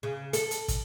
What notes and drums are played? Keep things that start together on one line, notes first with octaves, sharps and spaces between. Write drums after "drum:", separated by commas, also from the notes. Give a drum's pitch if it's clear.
C#3
A4, drum: hi-hat
drum: hi-hat
drum: kick, hi-hat